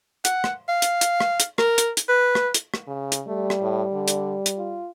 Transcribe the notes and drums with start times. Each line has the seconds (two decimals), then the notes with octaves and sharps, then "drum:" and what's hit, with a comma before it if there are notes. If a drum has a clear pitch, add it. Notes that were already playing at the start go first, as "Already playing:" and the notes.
0.25 F#5, drum: hi-hat
0.44 drum: rim click
0.68 F5
0.82 drum: hi-hat
1.01 drum: hi-hat
1.20 drum: rim click
1.40 drum: hi-hat
1.58 A#4, drum: rim click
1.78 drum: hi-hat
1.97 drum: hi-hat
2.09 B4
2.35 drum: rim click
2.54 drum: hi-hat
2.74 drum: rim click
2.87 C#3
3.12 drum: hi-hat
3.27 G3 A3
3.50 drum: rim click
3.61 A2
3.93 D3
4.08 drum: hi-hat
4.46 drum: hi-hat
4.58 F4